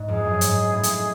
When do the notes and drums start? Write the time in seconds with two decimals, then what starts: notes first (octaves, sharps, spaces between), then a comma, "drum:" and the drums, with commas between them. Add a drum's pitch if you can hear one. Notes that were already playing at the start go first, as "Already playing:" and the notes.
Already playing: G#2
0.08 F2 G#4
0.25 F#2
0.41 G#2, drum: hi-hat
0.72 A2
0.83 drum: hi-hat